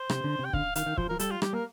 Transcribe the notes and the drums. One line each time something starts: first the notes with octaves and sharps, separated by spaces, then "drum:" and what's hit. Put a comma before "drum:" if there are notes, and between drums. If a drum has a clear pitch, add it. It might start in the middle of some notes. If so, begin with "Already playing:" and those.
Already playing: C5
C3, drum: rim click
D3
C3
G5
D3 F5, drum: kick
D#3 F5, drum: hi-hat
D#3
F3 C5, drum: kick
F3 A#4
G3 A4, drum: hi-hat
F4
G3 G4, drum: rim click
A#3 A#4